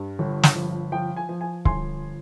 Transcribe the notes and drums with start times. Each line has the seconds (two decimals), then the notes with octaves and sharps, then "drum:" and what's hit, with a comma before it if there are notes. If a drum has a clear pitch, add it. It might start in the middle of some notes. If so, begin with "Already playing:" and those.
Already playing: G2
0.19 G1
0.43 drum: snare
0.55 F3
0.92 F3 G5
1.17 G#5
1.29 F3
1.41 G#5
1.65 G1 G#5 C6, drum: kick C#1